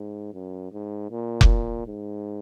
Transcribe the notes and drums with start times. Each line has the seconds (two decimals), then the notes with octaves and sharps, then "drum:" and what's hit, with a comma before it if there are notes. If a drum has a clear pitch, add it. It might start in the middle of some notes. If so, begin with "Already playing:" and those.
Already playing: G#2
0.34 F#2
0.72 G#2
1.11 A#2
1.41 drum: kick F1
1.87 G#2